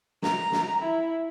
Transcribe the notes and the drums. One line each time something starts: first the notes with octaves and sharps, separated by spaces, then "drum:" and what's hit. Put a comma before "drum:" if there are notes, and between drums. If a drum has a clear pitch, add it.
A#5, drum: snare
drum: snare
E4